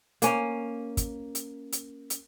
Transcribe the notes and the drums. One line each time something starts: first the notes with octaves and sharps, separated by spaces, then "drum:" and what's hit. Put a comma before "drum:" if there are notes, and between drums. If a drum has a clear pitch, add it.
A#3 C#4, drum: hi-hat
drum: kick, hi-hat
drum: hi-hat
drum: hi-hat
drum: hi-hat